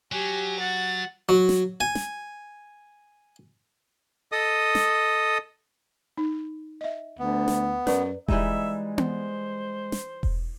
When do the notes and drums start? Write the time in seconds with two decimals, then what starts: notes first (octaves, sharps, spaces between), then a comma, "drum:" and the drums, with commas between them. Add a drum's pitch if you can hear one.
0.12 F#3 G4 G#5
0.60 F#5 A6
1.29 F#3
1.49 drum: snare
1.81 G#5
1.95 drum: snare
4.32 A4 D#5 D#6
4.75 drum: snare
6.17 D#4
6.81 D#5 E5
7.19 D2 B3
7.48 drum: snare
7.87 F#2 B4 D5, drum: snare
8.28 E3 G3 G#3 D#4 E5, drum: kick E1
8.98 C5, drum: tom B3
9.92 drum: snare
10.23 drum: kick E1